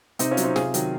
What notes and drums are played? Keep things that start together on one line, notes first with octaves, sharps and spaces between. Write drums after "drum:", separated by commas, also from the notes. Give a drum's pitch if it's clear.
C3 C4 D#4, drum: hi-hat
C#4 F4
F#3, drum: hi-hat
C4 D#4
C3 F4 G#4, drum: snare
D#3 F#3, drum: hi-hat